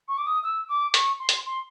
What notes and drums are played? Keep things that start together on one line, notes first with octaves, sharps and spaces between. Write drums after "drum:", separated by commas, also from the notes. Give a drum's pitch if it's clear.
C#6
D6
D#6
E6
D6
C#6, drum: hi-hat
C6
drum: hi-hat
C6